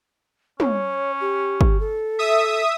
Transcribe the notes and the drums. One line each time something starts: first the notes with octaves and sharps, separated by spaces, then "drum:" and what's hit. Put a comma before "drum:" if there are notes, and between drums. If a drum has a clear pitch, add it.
C#4 C#5, drum: tom
G4
drum: kick
A4
E5 D#6